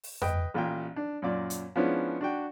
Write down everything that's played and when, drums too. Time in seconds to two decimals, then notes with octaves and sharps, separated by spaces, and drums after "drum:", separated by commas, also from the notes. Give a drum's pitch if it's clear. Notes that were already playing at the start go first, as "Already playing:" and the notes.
0.03 drum: open hi-hat
0.21 B4 D#5 G5, drum: tom F2
0.54 A1 A#2 G5
0.96 D4
1.22 F#2 A#2 D5
1.50 drum: hi-hat
1.76 F3 G#3 B3 C#4 D4 E4
2.21 D4 F#4 G5